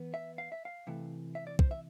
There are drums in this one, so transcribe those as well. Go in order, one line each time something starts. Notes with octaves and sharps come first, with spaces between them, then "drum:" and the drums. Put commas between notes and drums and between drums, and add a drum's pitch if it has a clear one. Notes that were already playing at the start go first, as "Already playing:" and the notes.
Already playing: E3 B3
E5
F5
E5
F5
C3 E3 A3
E5
D5
C5, drum: kick
E5